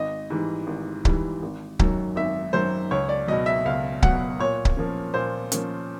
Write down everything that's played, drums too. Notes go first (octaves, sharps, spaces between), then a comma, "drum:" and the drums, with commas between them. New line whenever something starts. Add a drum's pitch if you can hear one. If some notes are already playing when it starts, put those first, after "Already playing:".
Already playing: G#1 D#5
G#2 E3 G3
G#1
G#2 E3 G3, drum: kick C#1
G#1
F#2 D#3 F#3, drum: kick C#1
G#1 E5
F#2 D#3 F#3 C5
C#2 C#5
D5
B2 F#3 D#5
E5
C#2 F5
B2 F#3 F#5, drum: kick C#1
A#2 C#5
drum: kick C#1
F3 A#3 C#4
A#2 C5
F3 A#3 C#4, drum: hi-hat